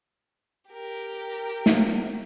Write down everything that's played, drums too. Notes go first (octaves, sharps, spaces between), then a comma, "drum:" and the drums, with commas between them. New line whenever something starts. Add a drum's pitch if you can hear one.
G4 A#4
drum: snare